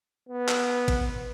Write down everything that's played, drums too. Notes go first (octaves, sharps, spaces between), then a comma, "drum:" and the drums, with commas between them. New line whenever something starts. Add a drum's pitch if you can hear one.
B3
drum: clap
drum: kick G#1, cymbal